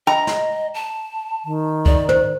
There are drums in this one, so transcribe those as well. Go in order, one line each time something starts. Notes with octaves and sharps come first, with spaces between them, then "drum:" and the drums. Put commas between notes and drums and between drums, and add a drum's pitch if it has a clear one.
D#5 G5 A#5
drum: snare
A5
D#3
D5, drum: kick C#2
C5, drum: tom